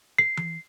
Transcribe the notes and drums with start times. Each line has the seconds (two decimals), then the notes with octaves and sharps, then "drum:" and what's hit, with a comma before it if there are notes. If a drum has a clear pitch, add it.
0.18 C7
0.37 drum: tom E3